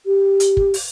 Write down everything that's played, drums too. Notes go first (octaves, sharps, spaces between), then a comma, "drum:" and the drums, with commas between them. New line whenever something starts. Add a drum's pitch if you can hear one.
G4
drum: hi-hat
drum: kick
drum: open hi-hat